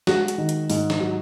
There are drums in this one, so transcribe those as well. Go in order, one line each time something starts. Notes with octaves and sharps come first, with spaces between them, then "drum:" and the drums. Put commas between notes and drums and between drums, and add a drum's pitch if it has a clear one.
G#3 F#4, drum: snare
drum: hi-hat
D#3
drum: hi-hat
G#2, drum: open hi-hat
drum: snare
F#3